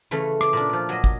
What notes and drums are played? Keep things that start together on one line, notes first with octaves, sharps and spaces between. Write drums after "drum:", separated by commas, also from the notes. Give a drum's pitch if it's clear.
C#3 E3 A3
D6, drum: rim click
A#2 D4
F3 D5
F#3 D#5
drum: kick